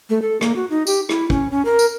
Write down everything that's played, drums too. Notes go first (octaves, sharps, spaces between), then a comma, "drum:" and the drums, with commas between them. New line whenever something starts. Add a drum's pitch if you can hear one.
A3
A4
A#3, drum: rim click
F#4
D#4
G4, drum: tambourine
E4, drum: rim click
C#4, drum: kick
C#4
A#4
drum: tambourine